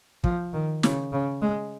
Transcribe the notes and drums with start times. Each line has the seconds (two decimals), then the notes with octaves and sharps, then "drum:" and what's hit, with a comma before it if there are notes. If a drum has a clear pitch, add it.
0.24 F3, drum: kick
0.53 D#3
0.83 C#3, drum: snare
1.12 C#3
1.42 G#3